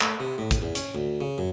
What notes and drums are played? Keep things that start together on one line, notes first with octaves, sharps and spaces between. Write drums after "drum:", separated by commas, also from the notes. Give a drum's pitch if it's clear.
A3, drum: clap
C3
A2
drum: kick, hi-hat
E2
C#4, drum: hi-hat
D2
C#3
F#2